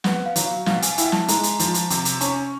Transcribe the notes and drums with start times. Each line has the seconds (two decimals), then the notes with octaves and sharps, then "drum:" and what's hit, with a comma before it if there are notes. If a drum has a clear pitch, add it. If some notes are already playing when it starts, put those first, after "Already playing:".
0.04 B3 F#5, drum: snare
0.26 F5
0.36 F#3, drum: hi-hat
0.46 F5
0.66 B2 F5, drum: snare
0.82 G#5, drum: hi-hat
0.98 E4 G5, drum: hi-hat
1.12 A5, drum: snare
1.28 G#3 A#5, drum: hi-hat
1.43 drum: hi-hat
1.59 F3, drum: hi-hat
1.74 drum: hi-hat
1.90 C3, drum: hi-hat
2.05 drum: hi-hat
2.21 C#4, drum: hi-hat